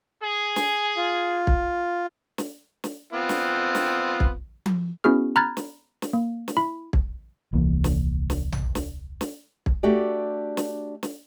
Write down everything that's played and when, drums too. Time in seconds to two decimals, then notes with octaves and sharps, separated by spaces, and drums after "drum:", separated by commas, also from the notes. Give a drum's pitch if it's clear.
0.23 G#4
0.56 G#5, drum: snare
0.97 F4
1.47 drum: kick
2.38 drum: snare
2.84 drum: snare
3.13 B3 C4 F4
3.29 drum: snare
3.75 drum: snare
4.20 drum: kick
4.66 drum: tom F3
5.04 B3 C#4 E4 F#4 G#4 F6
5.36 A#5 B5 F6 F#6 G#6 A6
5.57 drum: snare
6.02 drum: snare
6.13 A#3
6.48 drum: snare
6.57 E4 B5
6.93 drum: kick
7.53 D#1 C2 E3 A#3
7.84 drum: snare
8.30 drum: snare
8.52 drum: tom A#1
8.75 drum: snare
9.21 drum: snare
9.66 drum: kick
9.83 A3 D4 F#4 G4 D5
10.57 drum: snare
11.03 drum: snare